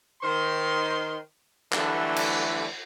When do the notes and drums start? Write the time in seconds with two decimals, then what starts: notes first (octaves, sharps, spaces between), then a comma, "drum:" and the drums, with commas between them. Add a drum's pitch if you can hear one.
0.21 D#3 C5 C6
1.73 D3 E3 F#3 G3 A3, drum: clap
2.16 drum: cymbal